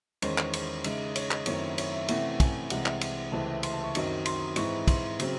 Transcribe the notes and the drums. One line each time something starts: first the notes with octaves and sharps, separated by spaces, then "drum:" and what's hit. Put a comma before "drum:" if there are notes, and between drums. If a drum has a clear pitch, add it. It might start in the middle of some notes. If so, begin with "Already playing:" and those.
E2 D#3 G#3 C#4 C5, drum: cymbal
drum: clap
C5, drum: cymbal
C#3 G#3 D#4 E5, drum: cymbal
C#5, drum: cymbal
D#5, drum: clap
F#2 D#3 A3 C4 E4 C#5, drum: cymbal
C#5, drum: cymbal
E5
C3 E3 A3 C#4 E4 F#5, drum: cymbal
G#5, drum: kick, cymbal
C2 C3 E3 G#3 F#5, drum: cymbal
drum: clap
drum: cymbal
C#2 C3 E3 A3 C4 A5
C6, drum: cymbal
A5
C#6
F#2 D#3 F#3 C4 D#4, drum: cymbal
C6, drum: cymbal
G#2 E3 C4 E4 C#6, drum: cymbal
C6, drum: kick, cymbal
C#3 F#3 C4, drum: cymbal